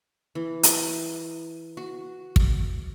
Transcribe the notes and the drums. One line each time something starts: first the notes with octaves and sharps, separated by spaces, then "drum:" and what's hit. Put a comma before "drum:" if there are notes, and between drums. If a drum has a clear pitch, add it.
E3
drum: hi-hat
F#4
drum: kick